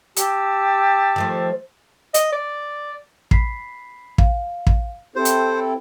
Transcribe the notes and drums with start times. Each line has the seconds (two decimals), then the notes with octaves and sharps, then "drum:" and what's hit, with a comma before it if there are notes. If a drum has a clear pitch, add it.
0.16 G4 A5 E6, drum: hi-hat
1.16 D#3 F3 A3
2.14 D#5, drum: hi-hat
2.32 D5
3.31 B5 B6 C7, drum: kick
4.18 F5, drum: kick
4.67 drum: kick
5.16 C4 E4 G4 A4 C5
5.25 drum: hi-hat